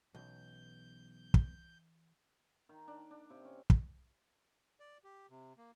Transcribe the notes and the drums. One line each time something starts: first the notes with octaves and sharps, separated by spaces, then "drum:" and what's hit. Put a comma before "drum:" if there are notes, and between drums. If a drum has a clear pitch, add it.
B1 E3 C#4 G6
drum: kick
D#3
D4
D4
C3
C#4
drum: kick
D5
G4
C3
A#3